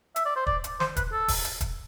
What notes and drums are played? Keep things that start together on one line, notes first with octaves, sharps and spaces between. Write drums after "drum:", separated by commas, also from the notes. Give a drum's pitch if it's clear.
E5, drum: hi-hat
D5
C5
D5, drum: kick
drum: hi-hat
C5, drum: snare
B4, drum: kick, hi-hat
A4
drum: kick, open hi-hat
drum: hi-hat
drum: kick, hi-hat